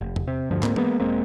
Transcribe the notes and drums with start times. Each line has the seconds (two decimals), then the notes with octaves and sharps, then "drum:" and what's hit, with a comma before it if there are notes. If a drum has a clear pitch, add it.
0.01 F1
0.16 drum: tom E2
0.28 C3
0.51 D2 G2 F3
0.63 D2 G#2 A#3 C4, drum: clap
0.76 G#3 A#3 B3, drum: tom E3
1.00 E1 G#3 A#3 C4